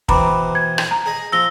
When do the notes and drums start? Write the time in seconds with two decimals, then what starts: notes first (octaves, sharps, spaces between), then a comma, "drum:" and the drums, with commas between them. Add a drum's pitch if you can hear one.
0.09 B2 E3 C4 A#5 B5 D6, drum: kick
0.55 G#6
0.78 drum: rim click
0.91 A#5
1.06 G#4 D#5
1.32 F3 F4 E6 A#6 G7